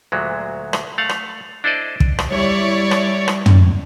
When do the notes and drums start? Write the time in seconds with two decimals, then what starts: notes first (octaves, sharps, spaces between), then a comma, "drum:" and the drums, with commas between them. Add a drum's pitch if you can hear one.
0.12 D2 A#2 F#3 G#3
0.73 drum: rim click
0.98 A3 F5 F#5
1.09 drum: rim click
1.64 D4 E4 A4 C5 D5 D#5
2.00 drum: kick
2.19 drum: rim click
2.29 G3 E4 C#5 D5
2.91 drum: rim click
3.28 drum: rim click
3.46 drum: tom